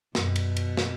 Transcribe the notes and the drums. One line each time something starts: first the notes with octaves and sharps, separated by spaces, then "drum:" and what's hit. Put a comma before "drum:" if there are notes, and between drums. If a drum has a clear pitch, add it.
F#2 B2, drum: snare
drum: cymbal
drum: cymbal
drum: snare